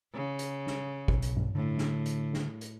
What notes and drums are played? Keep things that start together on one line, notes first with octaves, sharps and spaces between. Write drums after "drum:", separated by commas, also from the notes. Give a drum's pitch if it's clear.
C#3
drum: hi-hat
drum: snare
B1, drum: kick G#1
drum: hi-hat
drum: tom G2
A2 D3
drum: snare
drum: hi-hat
drum: snare
drum: hi-hat